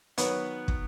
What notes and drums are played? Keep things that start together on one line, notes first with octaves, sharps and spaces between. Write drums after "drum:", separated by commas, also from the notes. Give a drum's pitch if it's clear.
D#3 F#3 B3 B4 C#5, drum: hi-hat
drum: kick